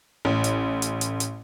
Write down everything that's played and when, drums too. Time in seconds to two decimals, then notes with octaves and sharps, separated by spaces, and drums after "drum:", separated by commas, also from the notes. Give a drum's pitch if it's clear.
0.25 A1
0.44 drum: hi-hat
0.82 drum: hi-hat
1.01 drum: hi-hat
1.20 drum: hi-hat